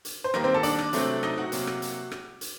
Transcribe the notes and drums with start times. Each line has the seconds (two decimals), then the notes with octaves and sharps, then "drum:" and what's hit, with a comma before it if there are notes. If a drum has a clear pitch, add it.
0.05 drum: hi-hat
0.24 C5
0.34 D#3 G3 A#3 A#4, drum: rim click
0.44 C4 C5
0.54 A4 A5
0.63 D4 D5, drum: hi-hat
0.79 drum: rim click
0.93 C3 F#3 A3 C4, drum: hi-hat
1.23 D#4 D#5, drum: rim click
1.38 F#4 F#5
1.52 C3 F#3 A#3, drum: hi-hat
1.67 drum: rim click
1.82 drum: hi-hat
2.11 drum: rim click
2.41 drum: hi-hat